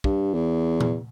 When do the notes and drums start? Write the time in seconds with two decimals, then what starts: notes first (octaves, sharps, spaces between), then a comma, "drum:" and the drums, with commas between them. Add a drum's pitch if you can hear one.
0.04 G2, drum: kick
0.34 E2
0.81 drum: tom A#2